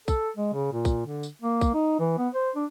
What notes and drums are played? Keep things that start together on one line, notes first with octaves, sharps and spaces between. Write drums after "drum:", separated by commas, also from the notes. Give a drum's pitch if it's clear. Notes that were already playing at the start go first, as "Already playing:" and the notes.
A4, drum: kick, tambourine
G#3
C#3
A#2
drum: kick, tambourine
D3
drum: tambourine
A#3
drum: kick, tambourine
D#4
E3
B3
C5
D4